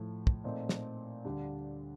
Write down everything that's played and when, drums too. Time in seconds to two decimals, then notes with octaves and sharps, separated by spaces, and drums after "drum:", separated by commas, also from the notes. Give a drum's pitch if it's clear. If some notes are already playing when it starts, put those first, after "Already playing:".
Already playing: A2 F3 A3
0.27 drum: kick
0.44 A#2 A3 C4 D#4
0.69 drum: snare
1.25 D2 D3 G3 D4